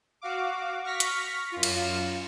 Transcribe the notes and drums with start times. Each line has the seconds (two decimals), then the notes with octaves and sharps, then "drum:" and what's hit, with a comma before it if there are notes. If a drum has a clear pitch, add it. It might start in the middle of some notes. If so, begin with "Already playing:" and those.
0.21 F#4 F5 D6
0.84 C#6 F6 A#6 B6
1.00 drum: hi-hat
1.52 F#2 F4
1.63 drum: cymbal